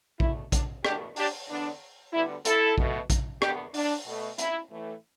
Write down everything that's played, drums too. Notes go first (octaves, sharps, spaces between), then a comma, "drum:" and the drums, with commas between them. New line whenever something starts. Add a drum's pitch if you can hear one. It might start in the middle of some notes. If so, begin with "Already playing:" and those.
E2 B2 A3 E4, drum: kick A#1
D4, drum: kick A#1, hi-hat
E2 B2 A3 D4 G4, drum: rim click
D4 G4, drum: open hi-hat
E2 D3 B3 D4
D2 D3 G3 B3 E4
E4 A4, drum: hi-hat
B2 A3, drum: kick A#1
drum: kick A#1, hi-hat
E2 D3 B3 D4 G4, drum: rim click
D4, drum: open hi-hat
B2 A3
E4, drum: hi-hat
A2 E3 A3